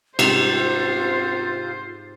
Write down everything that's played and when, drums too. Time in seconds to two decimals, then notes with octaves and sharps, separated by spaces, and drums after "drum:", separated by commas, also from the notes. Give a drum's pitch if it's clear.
0.19 G#2 C3 G3 F4 C5, drum: cymbal